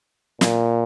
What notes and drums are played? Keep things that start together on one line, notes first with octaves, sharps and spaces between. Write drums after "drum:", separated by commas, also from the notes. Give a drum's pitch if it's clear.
A#2, drum: snare